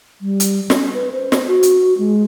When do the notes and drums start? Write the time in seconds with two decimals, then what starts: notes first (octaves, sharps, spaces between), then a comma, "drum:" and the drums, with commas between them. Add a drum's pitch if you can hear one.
0.21 G3
0.40 drum: hi-hat
0.70 C#4, drum: snare
0.94 B4
1.12 C5
1.32 drum: snare
1.47 F#4
1.63 drum: hi-hat
1.98 G#3